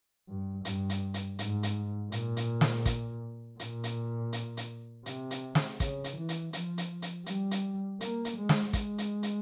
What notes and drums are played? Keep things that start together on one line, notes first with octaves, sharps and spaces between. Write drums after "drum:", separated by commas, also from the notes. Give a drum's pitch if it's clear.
G2
G2, drum: hi-hat
drum: hi-hat
drum: hi-hat
G#2, drum: hi-hat
drum: hi-hat
A#2, drum: hi-hat
drum: hi-hat
drum: snare
drum: kick, hi-hat
A#2, drum: hi-hat
drum: hi-hat
drum: hi-hat
drum: hi-hat
C3, drum: hi-hat
drum: hi-hat
drum: snare
C#3, drum: kick, hi-hat
drum: hi-hat
E3
drum: hi-hat
F3, drum: hi-hat
drum: hi-hat
drum: hi-hat
G3, drum: hi-hat
drum: hi-hat
A#3, drum: hi-hat
drum: hi-hat
G#3
drum: snare
G#3, drum: kick, hi-hat
drum: hi-hat
drum: hi-hat